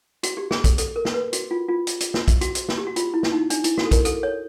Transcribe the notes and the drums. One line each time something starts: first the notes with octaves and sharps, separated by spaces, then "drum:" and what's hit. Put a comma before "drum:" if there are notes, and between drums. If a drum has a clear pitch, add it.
F#4, drum: hi-hat
G4
G#4, drum: snare
A4, drum: kick, hi-hat
A4, drum: hi-hat
A#4
drum: snare
B4
F#4, drum: hi-hat
F4
F4
drum: hi-hat
drum: hi-hat
drum: snare
drum: kick, hi-hat
F#4, drum: hi-hat
drum: hi-hat
drum: snare
G4
F#4
F4, drum: hi-hat
E4
drum: snare
D#4
D4, drum: hi-hat
E4, drum: hi-hat
F#4, drum: snare
A4
A#4, drum: kick, hi-hat
A4, drum: hi-hat
C#5